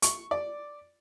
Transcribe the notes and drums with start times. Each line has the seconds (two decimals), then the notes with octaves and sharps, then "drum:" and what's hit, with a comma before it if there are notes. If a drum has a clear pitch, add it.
0.02 C#6, drum: hi-hat
0.31 D5